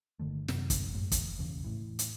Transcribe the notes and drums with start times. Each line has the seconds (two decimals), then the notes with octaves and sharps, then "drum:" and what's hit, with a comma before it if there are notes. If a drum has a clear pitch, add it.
0.19 G1 D3 D#3 A3
0.48 F#2 C3 D#3, drum: snare
0.70 drum: kick, hi-hat
0.94 F#2 A2 G#3
1.12 E2, drum: kick, hi-hat
1.38 B1 E2 C#3
1.64 A2 E3
1.99 drum: hi-hat